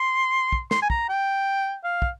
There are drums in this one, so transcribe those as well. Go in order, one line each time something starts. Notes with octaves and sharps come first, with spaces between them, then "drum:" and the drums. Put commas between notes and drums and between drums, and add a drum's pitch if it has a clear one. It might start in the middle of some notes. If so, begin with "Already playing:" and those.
Already playing: C6
drum: kick
C6, drum: snare
G#5
A#5, drum: kick
G5
F5
drum: kick